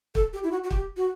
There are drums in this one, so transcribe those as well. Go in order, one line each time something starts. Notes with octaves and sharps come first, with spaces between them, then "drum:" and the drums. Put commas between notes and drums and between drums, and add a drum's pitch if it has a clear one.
A4, drum: kick
G4
E4
F#4
F#4
G4, drum: kick
F#4